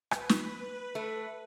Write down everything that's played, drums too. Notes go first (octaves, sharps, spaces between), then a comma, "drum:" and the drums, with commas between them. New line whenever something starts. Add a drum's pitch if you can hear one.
B4, drum: rim click
drum: snare
A3